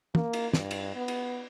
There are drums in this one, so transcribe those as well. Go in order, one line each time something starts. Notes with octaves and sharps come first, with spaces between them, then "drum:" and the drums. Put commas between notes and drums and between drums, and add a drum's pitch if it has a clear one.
A#3, drum: tom
drum: cymbal
G2, drum: snare
drum: cymbal
B3
drum: cymbal